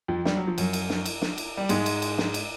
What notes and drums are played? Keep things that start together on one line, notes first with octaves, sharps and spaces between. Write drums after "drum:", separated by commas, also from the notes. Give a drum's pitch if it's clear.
F2 F3
G3, drum: snare
F#3
F3
F#2 F#3, drum: cymbal
drum: cymbal
drum: snare
drum: cymbal
drum: snare
drum: cymbal
G3
G#2 G#3, drum: cymbal
drum: cymbal
drum: cymbal
drum: snare
drum: cymbal